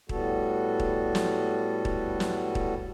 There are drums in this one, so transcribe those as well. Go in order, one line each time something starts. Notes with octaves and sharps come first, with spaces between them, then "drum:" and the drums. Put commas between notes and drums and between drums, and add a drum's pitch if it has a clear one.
A2 G3 B3 F#4 A4, drum: kick D#1
drum: kick D#1
drum: snare
drum: kick D#1
drum: snare
drum: kick D#1